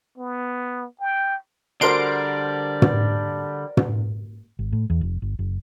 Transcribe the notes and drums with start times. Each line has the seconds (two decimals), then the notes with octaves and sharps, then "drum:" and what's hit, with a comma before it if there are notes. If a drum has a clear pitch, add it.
0.17 B3
1.00 G5
1.81 D3 G3 F#4 A#4 C5 D5 C6 D7
2.82 drum: tom
3.77 drum: tom
4.59 G#1
4.72 A2
4.90 E2
5.01 F1
5.22 G1
5.39 F#1